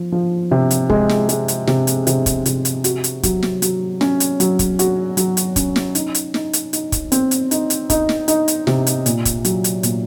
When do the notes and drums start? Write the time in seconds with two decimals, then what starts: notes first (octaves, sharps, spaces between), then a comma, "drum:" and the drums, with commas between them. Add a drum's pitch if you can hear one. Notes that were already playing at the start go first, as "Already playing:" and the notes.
Already playing: F3
0.12 F3
0.51 C3
0.71 drum: hi-hat
0.90 G#3, drum: kick
1.09 drum: snare
1.29 G#3, drum: hi-hat
1.48 drum: hi-hat
1.67 C3, drum: snare
1.87 drum: hi-hat
2.07 C3, drum: hi-hat
2.26 drum: kick, hi-hat
2.46 C3, drum: hi-hat
2.65 drum: hi-hat
2.84 F#4, drum: hi-hat
3.04 drum: hi-hat
3.23 F#3, drum: kick, hi-hat
3.43 drum: snare
3.62 F#3, drum: hi-hat
4.01 C#4, drum: snare
4.20 drum: hi-hat
4.40 F#3, drum: hi-hat
4.59 drum: kick, hi-hat
4.79 F#4, drum: hi-hat
5.17 F#3, drum: hi-hat
5.37 drum: hi-hat
5.56 C#4, drum: kick, hi-hat
5.76 drum: snare
5.95 D#4, drum: hi-hat
6.15 drum: hi-hat
6.34 D#4, drum: snare
6.53 drum: hi-hat
6.73 D#4, drum: hi-hat
6.92 drum: kick, hi-hat
7.12 C4, drum: hi-hat
7.31 drum: hi-hat
7.51 D#4, drum: hi-hat
7.70 drum: hi-hat
7.90 D#4, drum: kick, hi-hat
8.09 drum: snare
8.28 D#4, drum: hi-hat
8.48 drum: hi-hat
8.67 C3, drum: snare
8.87 drum: hi-hat
9.06 A#2, drum: hi-hat
9.25 drum: kick, hi-hat
9.45 F#3, drum: hi-hat
9.64 drum: hi-hat
9.83 A#2, drum: hi-hat